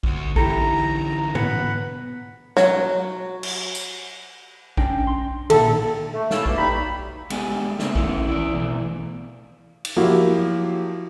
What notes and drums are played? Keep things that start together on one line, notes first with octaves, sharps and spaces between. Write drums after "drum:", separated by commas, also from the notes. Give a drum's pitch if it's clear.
D2 F#4, drum: kick A#1
D3 E3 E4 G4 A4 A#5, drum: kick A#1
B3 F#5 B5, drum: tom G#2
F#3, drum: snare
drum: cymbal
drum: tambourine
C#4 D4 G5, drum: kick A#1
C6
A#2 D#3 A4, drum: cymbal
A3
C#4 E4 A4 F5 A5, drum: snare
B2 A3 A#3, drum: kick A#1
G3 D#4 B5
G#3 B3 D4 G4 F#5 G#5, drum: cymbal
C#3 A3 A#3 C4 D4 A#4, drum: snare
D#3 E3 B3 C#4 E4 C#5, drum: kick A#1
E4 D5
B2 E3 A3
drum: cymbal
F3 F#3 A#3 E4 F#4 G4